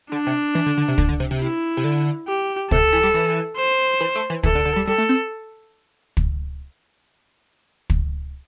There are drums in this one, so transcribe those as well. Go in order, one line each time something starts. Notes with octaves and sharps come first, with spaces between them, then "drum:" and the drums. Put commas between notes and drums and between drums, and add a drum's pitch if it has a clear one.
D3 D4
C3
E3
D3
D3
C3
D3, drum: kick
D3
C3
C3
E4
C3
D3
G4
C3 A4, drum: kick
E3
G3
E3
C5
E3
A3
E3
E3 A4, drum: kick
D3
D3
G3
G3 A4
A3
C4
drum: kick
drum: kick